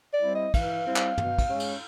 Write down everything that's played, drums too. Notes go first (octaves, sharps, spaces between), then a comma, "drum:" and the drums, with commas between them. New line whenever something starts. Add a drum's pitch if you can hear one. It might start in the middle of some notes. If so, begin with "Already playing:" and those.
D5
G3 C4 E4
D#5
E3 F5, drum: kick, cymbal
G3 C4 E4
drum: clap
B2, drum: tom
drum: kick, cymbal
G#3 C#4
drum: cymbal